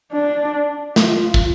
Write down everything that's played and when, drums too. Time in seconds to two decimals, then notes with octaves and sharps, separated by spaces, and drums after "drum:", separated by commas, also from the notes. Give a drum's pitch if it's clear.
0.12 D4
0.96 F4, drum: snare
1.34 drum: kick